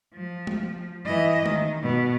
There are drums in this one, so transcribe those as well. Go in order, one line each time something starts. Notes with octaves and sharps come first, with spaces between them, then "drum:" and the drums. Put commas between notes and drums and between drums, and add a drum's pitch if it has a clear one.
F3
drum: tom
E3 D#5
D#3, drum: tom
B2